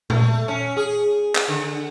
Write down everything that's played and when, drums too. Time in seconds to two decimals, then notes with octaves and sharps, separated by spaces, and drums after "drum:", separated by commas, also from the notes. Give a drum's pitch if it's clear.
0.10 A3, drum: tom A#2
0.48 C#4
0.77 G#4
1.35 drum: clap
1.48 D3